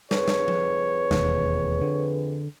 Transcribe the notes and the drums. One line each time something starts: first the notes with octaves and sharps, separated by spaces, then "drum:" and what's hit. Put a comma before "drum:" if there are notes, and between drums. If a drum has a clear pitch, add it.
F2 G#4 B4 C#5, drum: snare
drum: snare
drum: tom F3
E1 D#2, drum: snare
D3